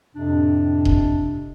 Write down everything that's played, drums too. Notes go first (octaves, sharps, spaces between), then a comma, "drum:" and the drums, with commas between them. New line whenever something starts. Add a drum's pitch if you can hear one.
F2 A2 C3 D4
drum: kick D#1